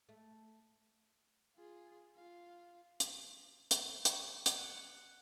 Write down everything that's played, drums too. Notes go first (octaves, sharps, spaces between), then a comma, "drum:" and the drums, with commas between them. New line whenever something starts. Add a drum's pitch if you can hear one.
A3
F4 G#4
F4 F5
drum: hi-hat
drum: hi-hat
C#6, drum: hi-hat
drum: hi-hat
F#5